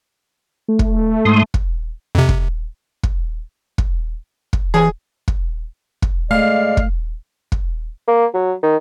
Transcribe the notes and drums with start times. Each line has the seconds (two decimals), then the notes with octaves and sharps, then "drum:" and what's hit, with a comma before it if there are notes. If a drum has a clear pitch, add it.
0.68 A3
0.79 drum: kick
1.25 G#2 C6 D#6
1.54 drum: kick
2.15 F2 C3
2.29 drum: kick
3.03 drum: kick
3.78 drum: kick
4.53 drum: kick
4.74 E3 G#4 G#5
5.28 drum: kick
6.02 drum: kick
6.31 G#3 A3 D5 F5
6.77 drum: kick
7.52 drum: kick
8.08 A#3
8.34 F#3
8.63 D#3